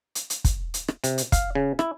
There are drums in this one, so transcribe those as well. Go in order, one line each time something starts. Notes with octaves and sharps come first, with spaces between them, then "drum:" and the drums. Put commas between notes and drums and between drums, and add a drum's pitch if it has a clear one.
drum: hi-hat
drum: hi-hat
drum: kick, hi-hat
drum: hi-hat
drum: rim click
C3, drum: hi-hat
drum: hi-hat
F5, drum: kick, hi-hat
C#3
E4, drum: rim click